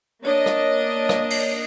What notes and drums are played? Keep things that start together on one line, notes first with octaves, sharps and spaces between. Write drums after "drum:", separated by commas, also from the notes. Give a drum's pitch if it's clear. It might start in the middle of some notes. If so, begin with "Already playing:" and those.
A#3 D4 C#5 D#5
drum: rim click
drum: rim click
drum: cymbal